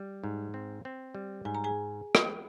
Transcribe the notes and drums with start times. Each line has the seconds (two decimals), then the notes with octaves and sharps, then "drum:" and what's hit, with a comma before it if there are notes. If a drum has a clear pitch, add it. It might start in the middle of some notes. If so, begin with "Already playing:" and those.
Already playing: G3
0.24 G#2
0.54 C4
0.85 C4
1.15 G3
1.45 G#2 G#5
1.55 A#5
1.64 G#4 G#5
2.15 drum: rim click